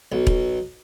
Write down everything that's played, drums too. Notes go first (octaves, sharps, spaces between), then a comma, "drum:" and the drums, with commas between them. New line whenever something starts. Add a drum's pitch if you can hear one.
B1
drum: kick E1